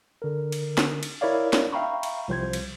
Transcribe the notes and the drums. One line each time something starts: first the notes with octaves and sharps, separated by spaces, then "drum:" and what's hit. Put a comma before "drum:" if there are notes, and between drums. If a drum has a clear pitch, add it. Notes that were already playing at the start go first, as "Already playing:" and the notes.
D3 A#4
drum: cymbal
drum: snare
drum: cymbal
E4 A#4 C#5 D5 F5
drum: snare
E5 F5 G5 A#5 B5 C#6
drum: cymbal
C2 F3 C5 G#6
drum: cymbal